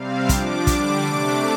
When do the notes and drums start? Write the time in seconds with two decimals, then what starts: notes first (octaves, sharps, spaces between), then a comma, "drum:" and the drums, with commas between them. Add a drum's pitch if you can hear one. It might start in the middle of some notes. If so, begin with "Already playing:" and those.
Already playing: C3 G3 C4 F5
0.29 F3 D4 D6, drum: kick, hi-hat
0.67 D3 G3 D4 D6, drum: kick, hi-hat
1.05 C3 A3 D4